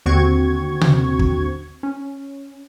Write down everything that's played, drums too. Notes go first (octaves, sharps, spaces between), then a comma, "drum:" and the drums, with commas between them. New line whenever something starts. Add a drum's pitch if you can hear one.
D#2 D3 C4 F#4 C#6 G#6
drum: tom C3
drum: kick
C#4